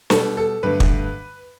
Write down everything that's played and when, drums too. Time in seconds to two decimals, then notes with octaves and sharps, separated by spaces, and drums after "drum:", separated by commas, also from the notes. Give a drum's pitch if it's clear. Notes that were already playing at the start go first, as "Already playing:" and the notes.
0.10 B2 G3 A4, drum: snare
0.37 A4
0.63 G2 D3 A3 B4
0.80 drum: kick